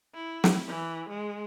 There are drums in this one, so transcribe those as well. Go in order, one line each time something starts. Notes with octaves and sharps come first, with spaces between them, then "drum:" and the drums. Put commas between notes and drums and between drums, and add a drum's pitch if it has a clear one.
E4
drum: snare
E3
G#3